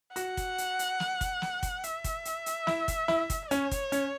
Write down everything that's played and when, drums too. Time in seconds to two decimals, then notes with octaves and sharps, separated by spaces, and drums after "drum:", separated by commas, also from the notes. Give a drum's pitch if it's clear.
0.16 F#4 F#5, drum: hi-hat
0.37 drum: kick, hi-hat
0.58 drum: hi-hat
0.79 drum: hi-hat
1.00 drum: snare
1.21 drum: kick, hi-hat
1.42 drum: snare
1.63 drum: kick, hi-hat
1.83 E5, drum: hi-hat
2.04 drum: kick, hi-hat
2.25 drum: hi-hat
2.46 drum: hi-hat
2.67 E4, drum: snare
2.88 drum: kick, hi-hat
3.08 E4, drum: snare
3.30 drum: kick, hi-hat
3.51 C#4 C#5, drum: hi-hat
3.71 drum: kick, hi-hat
3.92 C#4, drum: hi-hat